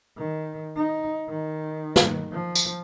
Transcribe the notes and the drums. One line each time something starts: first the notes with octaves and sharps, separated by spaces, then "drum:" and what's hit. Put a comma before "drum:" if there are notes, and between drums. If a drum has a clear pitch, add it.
D#3
D#4
D#3
drum: snare
F3
drum: tambourine